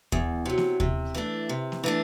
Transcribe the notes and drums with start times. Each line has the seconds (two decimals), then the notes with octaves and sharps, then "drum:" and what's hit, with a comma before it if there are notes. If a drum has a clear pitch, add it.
0.12 E2, drum: kick D#2
0.46 C3 F#3
0.58 drum: snare A#3
0.80 C3, drum: kick D#2
1.15 E3 A3 D4
1.49 C3
1.72 drum: snare A#3
1.84 E3 A3 D4